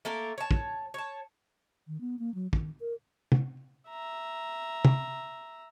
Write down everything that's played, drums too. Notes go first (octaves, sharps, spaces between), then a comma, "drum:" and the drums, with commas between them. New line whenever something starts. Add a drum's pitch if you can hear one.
A3 A#3 A#4
C#5 A5
drum: kick
C#5 A5
D#3
B3
A#3
F#3
D#3, drum: kick
A#4
drum: tom
E5 A#5
drum: tom